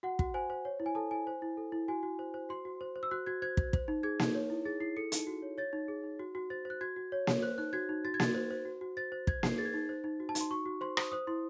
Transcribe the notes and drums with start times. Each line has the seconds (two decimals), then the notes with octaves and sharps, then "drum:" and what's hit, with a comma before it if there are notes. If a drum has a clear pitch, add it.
0.03 F#4 F#5
0.19 F#4, drum: kick
0.34 C5 G#5
0.50 C5
0.65 C#5
0.80 E4
0.86 G#5
0.95 A4 A5
1.11 E4 G#5
1.27 C5
1.42 E4
1.57 A4
1.72 E4
1.88 F#4 G#5
2.03 F#4
2.19 C5
2.34 C5
2.49 F#4 C6
2.65 F#4
2.81 C5
2.96 C5
3.03 E6
3.11 F#4 F#6
3.26 F#4 G#6
3.42 C5 G#6
3.57 C5, drum: kick
3.73 C5, drum: kick
3.88 D#4
4.03 G#4 G#6
4.19 D#4, drum: snare A#3
4.34 C#5
4.50 E4
4.65 G#4 A6
4.80 E4 C7
4.96 A4 C#7
5.12 D#4, drum: hi-hat
5.27 F#4
5.42 C#5
5.58 C#5 A6
5.73 D#4
5.88 G#4
6.04 D#4
6.20 F#4
6.35 F#4
6.50 C5 A6
6.65 C5
6.70 F#6
6.81 F#4 G#6
6.96 F#4
7.12 C#5
7.27 C#5, drum: snare A#3
7.43 C5 F#6
7.58 D#4 F#6
7.73 F#4 G#6
7.89 D#4
8.05 F#4 A6
8.14 G#6
8.20 F#4 A6, drum: snare A#3
8.35 C5
8.51 C5
8.65 F#4
8.81 F#4
8.97 C5 A6
9.12 C5
9.27 C5 G#6, drum: kick
9.43 D#4 C7, drum: snare A#3
9.58 G#4 A6
9.65 G#6
9.73 D#4 A6
9.89 C5
10.04 D#4
10.20 F#4
10.29 A5
10.35 D#4, drum: hi-hat
10.41 C6
10.51 F#4 C#6
10.66 F#4
10.81 C5 C6
10.97 C5 D#6, drum: rim click
11.12 C5 D#6
11.27 E4 C6